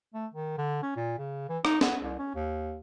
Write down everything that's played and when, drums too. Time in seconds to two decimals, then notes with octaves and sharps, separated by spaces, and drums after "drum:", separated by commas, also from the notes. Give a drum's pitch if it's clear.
0.14 A3
0.34 D#3
0.58 D3
0.83 C#4
0.96 A#2
1.18 C#3
1.49 E3
1.65 D#4, drum: rim click
1.81 B3, drum: snare
2.02 C2
2.19 C#4
2.35 D#2